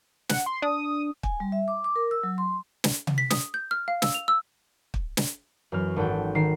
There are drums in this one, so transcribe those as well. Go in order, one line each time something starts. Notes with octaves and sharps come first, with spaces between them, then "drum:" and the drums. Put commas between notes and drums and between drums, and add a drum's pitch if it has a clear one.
F#5, drum: snare
C6
D4 D#6
G#5, drum: kick
G3
E5
D6
D6
A#4
E6
F#3
C6
drum: snare
drum: tom C3
B6
D#6, drum: snare
G6
F6
F5
E6, drum: snare
F7
E6
drum: kick
drum: snare
F#2 E3 C#4 F6
G#1 A4 F#5 G5
D#3 C7